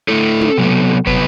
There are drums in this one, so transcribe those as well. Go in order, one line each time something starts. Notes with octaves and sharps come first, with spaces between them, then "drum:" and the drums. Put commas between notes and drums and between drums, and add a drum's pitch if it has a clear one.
D3 A3 E4 A4
drum: tom
C3 F#3 B3
C3 F#3 B3 B4, drum: kick